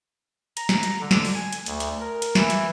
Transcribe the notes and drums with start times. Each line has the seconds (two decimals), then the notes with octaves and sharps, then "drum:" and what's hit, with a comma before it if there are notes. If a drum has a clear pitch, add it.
0.57 A#5, drum: hi-hat
0.69 drum: snare
0.83 drum: hi-hat
1.00 D3
1.11 drum: snare
1.25 drum: open hi-hat
1.35 G#5
1.53 drum: hi-hat
1.66 D2, drum: hi-hat
1.80 drum: hi-hat
2.00 A#4
2.22 drum: hi-hat
2.35 E3, drum: snare
2.50 drum: hi-hat